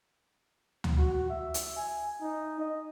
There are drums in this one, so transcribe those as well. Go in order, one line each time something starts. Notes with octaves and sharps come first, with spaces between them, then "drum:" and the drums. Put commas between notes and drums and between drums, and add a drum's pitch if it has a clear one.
drum: tom D2
F#4
E5
drum: hi-hat
G#5
D#4
D#5